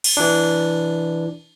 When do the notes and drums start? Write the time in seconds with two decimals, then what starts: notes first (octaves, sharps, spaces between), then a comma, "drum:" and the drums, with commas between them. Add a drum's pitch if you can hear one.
0.04 drum: cymbal
0.17 E3 D4